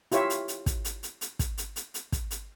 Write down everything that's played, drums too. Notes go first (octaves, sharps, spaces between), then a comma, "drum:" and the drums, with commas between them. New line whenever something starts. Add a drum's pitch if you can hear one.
E4 F4 G4 C#5 E5, drum: hi-hat
drum: hi-hat
drum: hi-hat
drum: kick, hi-hat
drum: hi-hat
drum: hi-hat
drum: hi-hat
drum: kick, hi-hat
drum: hi-hat
drum: hi-hat
drum: hi-hat
drum: kick, hi-hat
drum: hi-hat